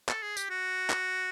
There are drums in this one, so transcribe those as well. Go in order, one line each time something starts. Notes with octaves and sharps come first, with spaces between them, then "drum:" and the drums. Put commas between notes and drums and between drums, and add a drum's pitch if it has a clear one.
A4, drum: clap
G#4
G4, drum: tambourine
F#4
drum: clap